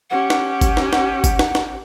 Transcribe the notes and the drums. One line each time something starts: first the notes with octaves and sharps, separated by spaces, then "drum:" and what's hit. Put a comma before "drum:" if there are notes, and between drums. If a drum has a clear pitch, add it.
C#4 G4 F#5
drum: snare
drum: kick G1, tambourine
drum: snare
F#5, drum: snare
drum: kick G1, tambourine
drum: snare
drum: snare